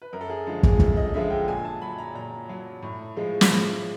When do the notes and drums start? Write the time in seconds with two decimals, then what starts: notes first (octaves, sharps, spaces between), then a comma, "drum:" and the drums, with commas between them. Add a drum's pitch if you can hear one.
0.02 B4
0.13 F#2 A#4
0.21 A4
0.30 G#4
0.46 D3 F3 G#3 A4
0.63 G#4, drum: kick
0.80 F#2 A4, drum: kick
0.97 D#5
1.14 D3 F3 G#3 E5
1.30 G5
1.48 A#2 G#5
1.65 A5
1.82 F#3 B5
1.98 A#5
2.15 A#2 A#5
2.49 F#3
2.83 A2
3.16 F3 G#3
3.41 drum: snare
3.51 A2